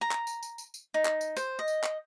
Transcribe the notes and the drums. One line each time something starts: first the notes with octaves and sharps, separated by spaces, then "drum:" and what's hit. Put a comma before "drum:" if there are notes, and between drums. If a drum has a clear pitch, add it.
A#5
drum: clap
drum: tambourine
drum: tambourine
drum: tambourine
drum: tambourine
D#4
drum: clap
drum: tambourine
C5, drum: tambourine
D#5
drum: tambourine
drum: clap